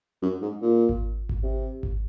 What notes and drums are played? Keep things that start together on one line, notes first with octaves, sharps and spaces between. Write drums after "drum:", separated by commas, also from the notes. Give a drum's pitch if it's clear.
F#2
G#2
A#2
drum: kick G#1
drum: kick G#1
C3
drum: kick G#1